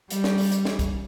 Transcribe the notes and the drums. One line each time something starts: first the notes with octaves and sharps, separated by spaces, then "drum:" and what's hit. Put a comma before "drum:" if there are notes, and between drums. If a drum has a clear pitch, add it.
G3, drum: hi-hat
drum: snare
drum: open hi-hat
drum: hi-hat
drum: snare
drum: kick, hi-hat